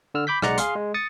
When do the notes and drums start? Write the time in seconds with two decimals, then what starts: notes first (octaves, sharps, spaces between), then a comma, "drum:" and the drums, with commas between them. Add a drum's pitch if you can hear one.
0.14 D3 E6 F6
0.27 B5 D6 G6 B6
0.42 B1 G#3 D5 F#5 A#5 C#7, drum: rim click
0.58 G#4 F5 C6, drum: hi-hat
0.75 G#3
0.94 D#6 A6 C#7